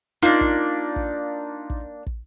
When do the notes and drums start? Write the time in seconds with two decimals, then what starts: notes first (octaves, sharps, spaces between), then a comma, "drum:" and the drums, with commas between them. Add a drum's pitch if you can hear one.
0.23 A#3 D4 D#4 F4
0.41 drum: kick
0.96 drum: kick
1.70 drum: kick
2.06 drum: kick